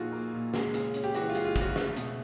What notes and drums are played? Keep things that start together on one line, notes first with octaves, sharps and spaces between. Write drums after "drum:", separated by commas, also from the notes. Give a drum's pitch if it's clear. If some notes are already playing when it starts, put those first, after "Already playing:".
Already playing: A#2 F3 A#3 D#4 F4 F#4 G#4 A4
A#3
A#2
G#3, drum: snare
C#3, drum: hi-hat
C#4, drum: hi-hat
G4
E3 F#4, drum: hi-hat
F4
G#3, drum: hi-hat
F4
C#3, drum: kick, hi-hat
F#4
A3, drum: snare
B2, drum: hi-hat